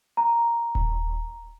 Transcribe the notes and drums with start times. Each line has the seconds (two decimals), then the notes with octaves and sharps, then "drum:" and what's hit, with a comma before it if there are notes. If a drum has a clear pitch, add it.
0.17 A#5
0.75 drum: kick D#1